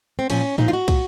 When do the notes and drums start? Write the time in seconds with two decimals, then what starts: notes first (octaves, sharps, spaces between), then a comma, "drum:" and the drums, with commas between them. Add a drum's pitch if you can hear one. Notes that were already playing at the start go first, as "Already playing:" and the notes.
0.19 C4
0.30 A#2 F3 C#4, drum: cymbal
0.58 A#2 F3 D#4, drum: tom G#2
0.68 F4
0.73 F#4
0.88 A#2, drum: kick, cymbal